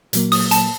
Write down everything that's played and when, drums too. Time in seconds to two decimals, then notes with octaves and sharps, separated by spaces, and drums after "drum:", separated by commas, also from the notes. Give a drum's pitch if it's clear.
0.13 A#2 F#3 A#3, drum: hi-hat
0.32 D#6, drum: open hi-hat
0.51 A5, drum: hi-hat